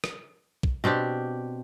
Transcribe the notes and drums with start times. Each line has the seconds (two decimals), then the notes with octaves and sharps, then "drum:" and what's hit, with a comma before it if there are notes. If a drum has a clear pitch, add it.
0.04 drum: rim click
0.63 drum: kick
0.84 B2 C4 D4 G4